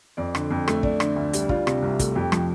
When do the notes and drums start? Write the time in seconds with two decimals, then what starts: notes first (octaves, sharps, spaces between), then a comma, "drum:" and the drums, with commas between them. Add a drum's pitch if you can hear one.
0.17 F2 D5
0.35 D3, drum: rim click
0.51 F2
0.68 A3, drum: rim click
0.83 D4, drum: kick
1.00 D3, drum: rim click
1.16 D2
1.33 G3, drum: hi-hat
1.49 D4 F4, drum: kick
1.67 C3, drum: rim click
1.82 C2
1.99 A3, drum: kick, hi-hat
2.15 F2 G4
2.32 F3, drum: rim click